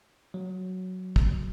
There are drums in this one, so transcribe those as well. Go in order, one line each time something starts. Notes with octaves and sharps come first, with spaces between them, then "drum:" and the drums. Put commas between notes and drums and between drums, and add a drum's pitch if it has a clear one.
F#3
drum: kick